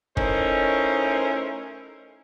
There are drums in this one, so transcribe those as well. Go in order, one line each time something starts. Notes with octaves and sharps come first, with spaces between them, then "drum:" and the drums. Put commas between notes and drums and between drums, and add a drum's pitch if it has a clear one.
A3 C#4 D#4 E4 A#4 C5, drum: kick